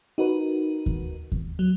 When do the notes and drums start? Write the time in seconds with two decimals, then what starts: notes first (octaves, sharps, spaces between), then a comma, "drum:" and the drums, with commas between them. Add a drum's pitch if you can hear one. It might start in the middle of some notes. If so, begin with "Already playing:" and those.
0.18 D#4 F#4 A#4 B4
0.86 drum: kick D#2
1.32 drum: kick D#2
1.59 F#3